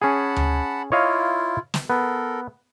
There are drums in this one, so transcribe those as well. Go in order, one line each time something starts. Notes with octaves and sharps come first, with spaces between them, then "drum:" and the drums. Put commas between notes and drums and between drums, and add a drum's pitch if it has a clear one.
C#4 G#4 F#5 A5 B5
drum: tom D2
E4 F4 C#5 D#5 F5
drum: snare
B3 A4 A#4